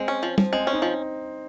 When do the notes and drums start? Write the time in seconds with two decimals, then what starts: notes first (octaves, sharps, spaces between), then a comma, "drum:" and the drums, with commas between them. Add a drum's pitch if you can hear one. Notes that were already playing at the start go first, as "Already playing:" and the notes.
Already playing: G#3 C4
0.08 C#4
0.23 F3
0.38 F3, drum: tom
0.52 G#3 C4
0.67 C#4
0.73 D#4
0.82 F3